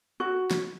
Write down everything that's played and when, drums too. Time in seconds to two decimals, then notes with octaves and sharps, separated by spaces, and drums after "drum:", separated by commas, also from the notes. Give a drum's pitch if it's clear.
0.20 F#4
0.51 drum: snare